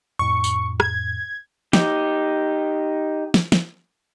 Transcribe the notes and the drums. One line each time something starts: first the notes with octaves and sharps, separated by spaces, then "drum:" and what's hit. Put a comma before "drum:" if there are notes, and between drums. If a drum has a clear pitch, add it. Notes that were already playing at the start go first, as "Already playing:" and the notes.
F2 A2 C#6
drum: tambourine
G#6, drum: rim click
D#4 G4, drum: snare
drum: snare
drum: snare